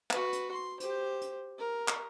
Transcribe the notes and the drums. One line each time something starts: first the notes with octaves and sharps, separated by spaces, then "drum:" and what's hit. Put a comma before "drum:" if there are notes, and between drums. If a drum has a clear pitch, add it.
F#4 B4, drum: clap
drum: hi-hat
C6
G4 C5, drum: hi-hat
drum: hi-hat
A#4
drum: clap